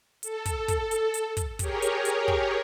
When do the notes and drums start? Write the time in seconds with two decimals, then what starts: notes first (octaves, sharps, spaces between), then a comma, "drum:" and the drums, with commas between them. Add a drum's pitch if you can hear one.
0.23 A4, drum: hi-hat
0.46 drum: kick, hi-hat
0.68 drum: kick, hi-hat
0.91 drum: hi-hat
1.14 drum: hi-hat
1.37 drum: kick, hi-hat
1.59 G4 G#4 A#4 C#5, drum: kick, hi-hat
1.82 drum: hi-hat
2.05 drum: hi-hat
2.28 drum: kick